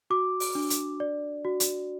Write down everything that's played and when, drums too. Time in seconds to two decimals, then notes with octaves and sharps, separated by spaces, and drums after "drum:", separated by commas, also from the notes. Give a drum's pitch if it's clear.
0.10 F#4 D6
0.40 drum: open hi-hat
0.55 D4
0.70 drum: hi-hat
1.00 D5
1.45 F#4
1.60 drum: hi-hat